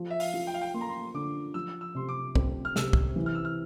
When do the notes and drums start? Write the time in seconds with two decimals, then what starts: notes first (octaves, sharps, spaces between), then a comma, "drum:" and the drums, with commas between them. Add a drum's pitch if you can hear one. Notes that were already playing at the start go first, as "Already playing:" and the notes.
Already playing: F3
0.10 E5
0.20 F5, drum: open hi-hat
0.34 F4
0.47 G5
0.54 F5
0.61 G5
0.74 A#3 C6
0.81 A#5
0.89 C6
1.14 D3 D6
1.54 F3 E6
1.81 E6
1.95 C3 C6
2.09 D6
2.35 C4, drum: kick
2.65 F6
2.76 C3 E6, drum: snare
2.93 drum: kick
3.16 E3
3.26 F6
3.35 E6
3.45 F6